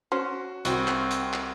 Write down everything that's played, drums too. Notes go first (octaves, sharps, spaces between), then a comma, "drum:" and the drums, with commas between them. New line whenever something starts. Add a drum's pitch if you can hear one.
C#4 F#4 C5
C2 C4 F#4, drum: hi-hat
drum: clap
drum: hi-hat
drum: clap